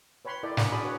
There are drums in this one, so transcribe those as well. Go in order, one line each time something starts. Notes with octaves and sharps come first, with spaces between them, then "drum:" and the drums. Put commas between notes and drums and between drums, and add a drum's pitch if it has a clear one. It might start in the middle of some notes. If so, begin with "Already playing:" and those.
B4 C#5 G5 B5 C6
E4 A4 A#4 D5 D#5 G5
C#4 D4 A#4 F#5 G5 D#6, drum: snare
F#4 G#4 D5 B5 D#6
D4 F#4 B4 C#5